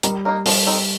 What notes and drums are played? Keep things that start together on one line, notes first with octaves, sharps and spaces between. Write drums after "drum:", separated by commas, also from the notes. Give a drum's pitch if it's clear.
D#3 G3, drum: hi-hat
A#3 D#4 A#4
F3 G3, drum: open hi-hat
C4 D#4 A4